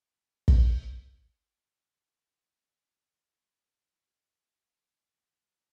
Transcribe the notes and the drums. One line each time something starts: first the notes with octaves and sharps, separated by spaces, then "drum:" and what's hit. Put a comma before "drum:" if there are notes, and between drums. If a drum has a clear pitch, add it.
F#2 A2
drum: kick
E2 A3 F4 A#4
B1 G3
D#3
F3 F#3 A#3